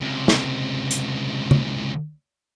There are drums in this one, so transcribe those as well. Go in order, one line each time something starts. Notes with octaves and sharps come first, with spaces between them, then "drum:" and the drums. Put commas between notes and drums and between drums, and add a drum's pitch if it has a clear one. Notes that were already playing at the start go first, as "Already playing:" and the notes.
C#2 C3
drum: snare
drum: hi-hat
drum: tom C#3